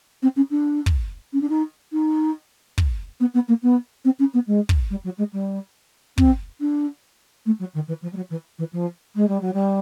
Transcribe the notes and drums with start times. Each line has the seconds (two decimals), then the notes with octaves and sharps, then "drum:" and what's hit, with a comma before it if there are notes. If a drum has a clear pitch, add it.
0.23 C4
0.36 C#4
0.51 D4
0.86 drum: kick
1.33 C#4
1.41 D4
1.49 D#4
1.93 D#4
2.78 drum: kick
3.20 B3
3.34 B3
3.48 A#3
3.63 B3
4.05 C4
4.19 C#4
4.34 B3
4.47 G#3
4.69 drum: kick
4.90 G3
5.04 F#3
5.18 G#3
5.33 G3
6.18 C4, drum: kick
6.61 D4
7.46 A3
7.60 F#3
7.74 D#3
7.88 E3
8.02 F3
8.13 G3
8.16 F#3
8.30 E3
8.59 E3
8.73 F3
9.16 G#3
9.28 G3
9.41 F#3
9.54 G3